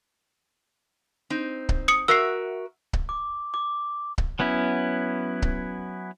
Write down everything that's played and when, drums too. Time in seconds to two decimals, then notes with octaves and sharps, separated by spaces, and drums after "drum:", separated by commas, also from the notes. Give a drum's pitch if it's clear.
1.30 C4 D#4
1.69 drum: kick C#1
1.88 D#6 C#7
2.08 F#4 A#4 E5 E6 C7
2.93 drum: kick C#1
3.09 D6
3.54 D6
4.18 drum: kick C#1
4.39 F#3 B3 C#4 E4
5.42 drum: kick C#1